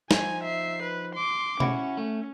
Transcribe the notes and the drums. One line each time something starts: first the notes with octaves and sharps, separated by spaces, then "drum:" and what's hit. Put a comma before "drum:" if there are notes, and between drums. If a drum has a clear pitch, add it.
F3 D#4 G#5, drum: snare
E5 C7
B4
C6 D6
C#4 E4 F#4, drum: tom B2
A3